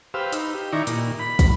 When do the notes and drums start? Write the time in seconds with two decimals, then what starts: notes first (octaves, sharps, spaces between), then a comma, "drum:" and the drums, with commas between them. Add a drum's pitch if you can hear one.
0.14 G4 B4 C5 F5 E6
0.32 D#4, drum: hi-hat
0.55 G4
0.73 D#3 D#4 E4 D5 A#5 C#6
0.87 A#2, drum: hi-hat
1.19 B5
1.39 drum: kick, hi-hat